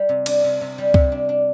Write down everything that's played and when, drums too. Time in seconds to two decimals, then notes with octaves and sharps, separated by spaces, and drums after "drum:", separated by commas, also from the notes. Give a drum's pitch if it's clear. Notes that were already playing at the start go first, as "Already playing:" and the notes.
Already playing: G3
0.09 C3
0.26 D4, drum: cymbal
0.44 C3
0.61 C3
0.78 G3
0.94 C3, drum: kick C#2
1.12 D4
1.29 D4